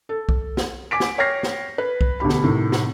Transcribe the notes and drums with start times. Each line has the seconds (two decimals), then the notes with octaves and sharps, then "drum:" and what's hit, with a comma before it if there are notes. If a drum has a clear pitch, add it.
0.09 A4
0.29 drum: kick B1
0.57 drum: snare
0.91 G#5 D6 B6 D7
1.00 drum: snare
1.18 C#5 G5 F6 G#6 A#6 C7
1.43 drum: snare
1.78 B4
2.01 drum: kick B1
2.20 D2 B2 G4 B5
2.29 drum: snare
2.44 A2 C3 D#3
2.72 drum: snare